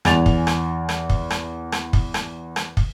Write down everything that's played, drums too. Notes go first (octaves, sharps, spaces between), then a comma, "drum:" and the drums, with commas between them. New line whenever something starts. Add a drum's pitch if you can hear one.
E2 G#5 A6 F7, drum: rim click
drum: kick
drum: rim click
drum: rim click
drum: kick
drum: rim click
drum: rim click
drum: kick
drum: rim click
drum: rim click
drum: kick